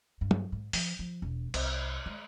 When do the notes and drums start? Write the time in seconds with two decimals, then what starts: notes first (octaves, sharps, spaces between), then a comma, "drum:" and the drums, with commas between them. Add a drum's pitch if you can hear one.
0.21 G2
0.31 drum: tom
0.52 G#2
0.73 F3, drum: open hi-hat
0.99 F3
1.22 E1
1.54 C2, drum: cymbal
2.06 G#3